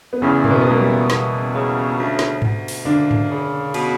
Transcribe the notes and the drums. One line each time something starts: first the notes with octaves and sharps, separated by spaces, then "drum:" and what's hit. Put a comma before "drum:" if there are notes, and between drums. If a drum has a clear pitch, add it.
B3
E2 C#3 C#4
A#3, drum: tom G#2
B2 B3
B3
E2 A#3
G3
E2, drum: snare
C#3
D2
drum: snare
D2, drum: tom G#2
drum: open hi-hat
D3 A#3 D4
drum: tom G#2
C#3
B2, drum: cymbal